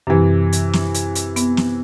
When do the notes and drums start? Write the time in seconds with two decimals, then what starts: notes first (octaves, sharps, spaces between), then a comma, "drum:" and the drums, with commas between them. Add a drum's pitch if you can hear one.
0.07 F#2 C3 E3
0.52 drum: hi-hat
0.73 drum: snare
0.94 drum: hi-hat
1.15 drum: hi-hat
1.36 B3, drum: hi-hat
1.57 drum: snare